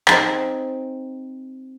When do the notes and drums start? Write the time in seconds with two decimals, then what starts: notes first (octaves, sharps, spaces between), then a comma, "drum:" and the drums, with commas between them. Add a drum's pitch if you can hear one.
0.08 C4 D#4 G#4, drum: clap